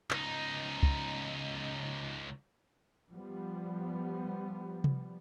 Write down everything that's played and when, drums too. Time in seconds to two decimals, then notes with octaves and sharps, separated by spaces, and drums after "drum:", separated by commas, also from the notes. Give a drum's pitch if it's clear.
0.11 C#2 D#4, drum: clap
0.83 drum: kick
3.12 F3 G3 B3
4.84 drum: tom C3